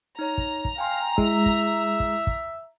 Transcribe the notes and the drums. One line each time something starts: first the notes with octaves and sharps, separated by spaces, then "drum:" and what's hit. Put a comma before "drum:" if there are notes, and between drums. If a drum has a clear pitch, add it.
D#4 C#5 A#5
drum: kick
drum: kick
F5 G5 G#5 C6
G#3 E4 E5, drum: kick
drum: kick
drum: kick
drum: kick